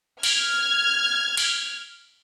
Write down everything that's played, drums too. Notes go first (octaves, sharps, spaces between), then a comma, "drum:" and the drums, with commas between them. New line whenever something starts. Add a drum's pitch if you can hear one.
F6 G#6, drum: cymbal
drum: cymbal